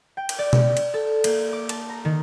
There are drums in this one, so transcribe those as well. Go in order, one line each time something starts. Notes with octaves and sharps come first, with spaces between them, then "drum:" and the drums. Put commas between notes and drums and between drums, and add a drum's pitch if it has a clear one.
G5
drum: cymbal
D5
drum: tom B2
drum: cymbal
A4
A#3, drum: cymbal
D6
A5, drum: cymbal
A#5
D#3